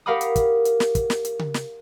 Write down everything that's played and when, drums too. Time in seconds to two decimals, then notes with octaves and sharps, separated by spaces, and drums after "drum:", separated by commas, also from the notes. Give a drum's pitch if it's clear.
0.06 G4 A#4 F5 F#5 B5 D#6
0.21 drum: hi-hat
0.36 drum: kick, hi-hat
0.65 drum: hi-hat
0.80 drum: snare
0.95 drum: kick, hi-hat
1.10 drum: snare
1.25 drum: hi-hat
1.39 drum: tom C#3
1.54 drum: snare